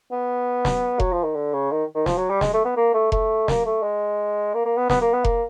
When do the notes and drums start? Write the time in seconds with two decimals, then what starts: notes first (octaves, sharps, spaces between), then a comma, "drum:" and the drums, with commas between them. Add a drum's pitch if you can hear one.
0.11 B3
0.65 drum: snare
1.00 F#3, drum: kick F1
1.13 F3
1.24 D#3
1.35 D3
1.53 C#3
1.71 D#3
1.95 D#3
2.06 F3, drum: snare
2.17 F#3
2.29 G3
2.41 G#3, drum: snare
2.53 A3
2.65 B3
2.76 A#3
2.94 A3
3.12 A3, drum: kick F1
3.48 A#3, drum: snare
3.66 A3
3.83 G#3
4.54 A#3
4.65 A#3
4.77 B3
4.90 B3, drum: snare
5.01 A#3
5.13 B3
5.25 A#3, drum: kick F1